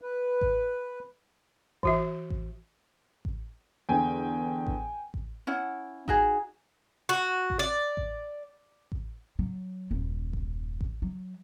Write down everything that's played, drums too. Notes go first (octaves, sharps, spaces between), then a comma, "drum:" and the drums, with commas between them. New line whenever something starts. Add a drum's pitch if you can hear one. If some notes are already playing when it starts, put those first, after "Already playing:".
B4
drum: kick A1
E3 F#4 E5, drum: kick A1
drum: kick A1
drum: kick A1
E2 D3 G5 G#5
drum: kick A1
drum: kick A1
C#4 E4 F#5
D#4 F#4 G#4, drum: kick A1
F#4
drum: kick A1
D5
drum: kick A1
drum: kick A1
F#3
D#1 F#2
drum: kick A1
drum: kick A1
F#3